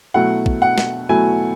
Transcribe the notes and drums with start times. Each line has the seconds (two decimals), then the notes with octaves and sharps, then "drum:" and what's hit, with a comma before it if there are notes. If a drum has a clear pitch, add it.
0.14 B2 F#3 A3 E4 F#5
0.46 drum: kick
0.62 F#5
0.78 drum: snare
1.09 B2 F#3 A3 E4 G#5